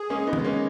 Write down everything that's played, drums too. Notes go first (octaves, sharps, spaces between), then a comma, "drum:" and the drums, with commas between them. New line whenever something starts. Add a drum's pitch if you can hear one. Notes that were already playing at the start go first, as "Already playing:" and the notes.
Already playing: G#4
G#3 A#3 C#4
B3 D#4
G#3, drum: tom D#3
A#3 C#4